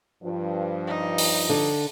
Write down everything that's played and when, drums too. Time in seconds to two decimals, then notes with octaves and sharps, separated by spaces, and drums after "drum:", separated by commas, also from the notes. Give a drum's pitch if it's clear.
0.23 G2 F3
0.87 D#4
1.18 drum: open hi-hat
1.49 D3